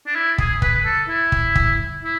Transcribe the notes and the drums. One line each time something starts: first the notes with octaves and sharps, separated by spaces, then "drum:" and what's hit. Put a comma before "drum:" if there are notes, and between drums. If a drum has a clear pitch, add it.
D4
E4
G#4, drum: kick
B4, drum: kick
A4
E4
drum: kick
drum: kick
E4